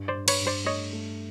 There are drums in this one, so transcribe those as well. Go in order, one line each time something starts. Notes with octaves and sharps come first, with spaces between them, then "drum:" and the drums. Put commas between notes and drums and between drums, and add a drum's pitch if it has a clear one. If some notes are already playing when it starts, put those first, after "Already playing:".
Already playing: G2
C5 D5
G2
B4 C#5, drum: cymbal
G2
C5 D5
A3 C#5 D#5
A3